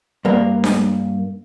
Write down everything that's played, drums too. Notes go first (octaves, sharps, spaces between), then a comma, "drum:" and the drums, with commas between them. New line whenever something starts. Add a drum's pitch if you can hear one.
G2 A#3
drum: snare D4